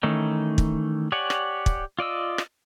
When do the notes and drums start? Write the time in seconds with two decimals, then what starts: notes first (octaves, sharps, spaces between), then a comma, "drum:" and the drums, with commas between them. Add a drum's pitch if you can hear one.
0.03 D#3 E3 A3 C#4 D#4
0.58 drum: kick
1.12 G4 C#5 D5 F#5 G#5
1.30 drum: rim click
1.66 drum: kick
1.99 F4 D5 D#5 E6
2.38 drum: rim click